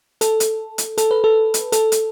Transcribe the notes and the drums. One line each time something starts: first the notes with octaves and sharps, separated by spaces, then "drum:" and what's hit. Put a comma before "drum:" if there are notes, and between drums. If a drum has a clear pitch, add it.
A4, drum: hi-hat
drum: hi-hat
drum: hi-hat
A4, drum: hi-hat
B4
A4
drum: hi-hat
A4, drum: hi-hat
drum: hi-hat